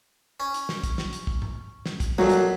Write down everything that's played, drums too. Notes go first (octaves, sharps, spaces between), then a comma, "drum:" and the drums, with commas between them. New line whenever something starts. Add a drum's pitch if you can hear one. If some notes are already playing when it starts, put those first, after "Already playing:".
C#4
drum: hi-hat
drum: snare
drum: kick, hi-hat
drum: snare
drum: hi-hat
drum: kick
drum: tom
drum: snare
drum: kick, hi-hat
A#1 F2 A#2 F#3
drum: hi-hat